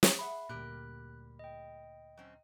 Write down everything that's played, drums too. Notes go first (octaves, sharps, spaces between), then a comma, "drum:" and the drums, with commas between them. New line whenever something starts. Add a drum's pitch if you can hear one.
drum: snare
G#4 E5 F#5 B5
D2 A#2 G3 G4 A#4 F#6
D#5 G5
F#3 C4 C#4